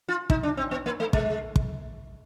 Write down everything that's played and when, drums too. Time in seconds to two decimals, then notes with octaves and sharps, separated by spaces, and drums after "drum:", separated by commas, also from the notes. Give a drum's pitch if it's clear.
0.08 F4
0.30 D#4, drum: kick
0.43 D4
0.57 C4
0.71 B3
0.86 A#3
1.00 A3
1.13 G#3, drum: kick
1.56 drum: kick